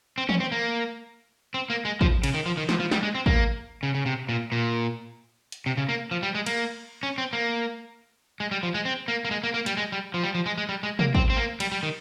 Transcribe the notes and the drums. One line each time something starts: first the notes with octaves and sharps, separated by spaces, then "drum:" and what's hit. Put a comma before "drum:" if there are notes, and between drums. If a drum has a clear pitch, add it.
C4
C#4, drum: tom
C4
A#3
C4
A#3
G#3
F3, drum: kick
C#3, drum: cymbal
D#3
F3
D#3
F3, drum: snare
F3
G3, drum: snare
G#3
C4
A#3, drum: kick
C#3
C#3
C3
A#2
A#2
drum: hi-hat
C3
C#3
A#3
F3
G3
G#3
A#3, drum: cymbal
C#4
C4
A#3
G#3
G3
F3
G#3
C4
A#3
A#3
G#3
A#3
A#3
G3, drum: hi-hat
G#3
G3
F3
G3
F3
G#3
G#3
G3
G#3
A#3, drum: tom
C4, drum: kick
C4
A#3
G3, drum: cymbal
G3
D#3